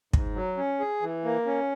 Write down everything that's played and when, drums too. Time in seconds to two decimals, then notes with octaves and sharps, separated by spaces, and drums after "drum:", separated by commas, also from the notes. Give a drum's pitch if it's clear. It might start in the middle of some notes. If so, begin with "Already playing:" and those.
0.13 G#2, drum: kick
0.36 F#3
0.57 C#4
0.80 G#4
1.02 E3
1.24 A#3
1.46 C#4